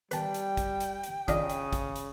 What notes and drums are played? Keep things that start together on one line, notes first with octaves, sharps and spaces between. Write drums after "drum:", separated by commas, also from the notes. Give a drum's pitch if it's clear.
G3 B4 G5 A5, drum: hi-hat
drum: hi-hat
drum: kick, hi-hat
drum: hi-hat
drum: hi-hat
C#3 D4 F4 D#5 D#6, drum: kick, hi-hat
drum: hi-hat
drum: kick, hi-hat
drum: hi-hat